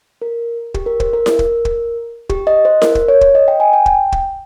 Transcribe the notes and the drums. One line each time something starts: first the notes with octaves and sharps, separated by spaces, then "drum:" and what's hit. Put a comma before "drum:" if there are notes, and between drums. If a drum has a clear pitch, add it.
A#4
G4, drum: kick
A#4
C5, drum: kick
A#4
drum: snare E4
drum: kick
drum: kick
G4, drum: kick
D#5
C5
A#4, drum: snare E4
drum: kick
C#5
drum: kick
D#5
G5
G#5
G5
G5, drum: kick
drum: kick